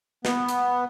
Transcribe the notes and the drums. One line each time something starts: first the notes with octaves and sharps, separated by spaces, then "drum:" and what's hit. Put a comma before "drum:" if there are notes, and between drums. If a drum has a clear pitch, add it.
B3, drum: snare
drum: hi-hat